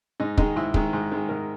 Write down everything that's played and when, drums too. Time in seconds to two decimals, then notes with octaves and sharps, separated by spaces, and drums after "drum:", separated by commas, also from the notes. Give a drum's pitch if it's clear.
0.20 G#2 D#4
0.38 D#3 G#3 D#4, drum: kick
0.56 G#2 E4
0.74 D#3 G#3, drum: kick
0.93 G#2
1.12 D#3 G#3
1.29 G#2 A#4